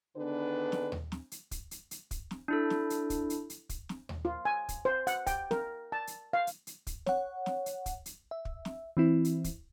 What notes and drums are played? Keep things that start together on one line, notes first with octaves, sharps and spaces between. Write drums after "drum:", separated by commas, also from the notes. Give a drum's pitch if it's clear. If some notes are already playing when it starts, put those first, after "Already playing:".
D3 D#3 B3 D4 G#4 B4
drum: snare
drum: tom D#2
drum: snare
drum: hi-hat
drum: kick, hi-hat
drum: hi-hat
drum: hi-hat
drum: kick, hi-hat
drum: snare
D4 E4 A4
drum: snare
drum: hi-hat
drum: kick, hi-hat
drum: hi-hat
drum: hi-hat
drum: kick, hi-hat
drum: snare
drum: tom D#2
F4
G#5
drum: kick, hi-hat
C5
F#5, drum: hi-hat
G5, drum: kick, hi-hat
A#4, drum: snare
A5
drum: hi-hat
F5
drum: hi-hat
drum: hi-hat
drum: kick, hi-hat
C#5 F#5, drum: snare
drum: snare
drum: hi-hat
drum: kick, hi-hat
drum: hi-hat
E5
drum: kick
drum: snare
E3 C4 E4
drum: hi-hat
drum: kick, hi-hat